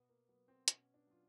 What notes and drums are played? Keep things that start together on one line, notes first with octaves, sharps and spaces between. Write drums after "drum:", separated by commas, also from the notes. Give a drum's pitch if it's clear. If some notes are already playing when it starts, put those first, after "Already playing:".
Already playing: B2 B3
A#3
F#3 B3
C4
B2 C#4, drum: hi-hat
D4
F#3 F4